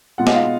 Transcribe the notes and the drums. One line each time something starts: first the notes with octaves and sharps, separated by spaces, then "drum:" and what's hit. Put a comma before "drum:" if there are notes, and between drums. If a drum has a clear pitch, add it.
B2 G#3 B3 F4 F#5
D#5, drum: snare
F5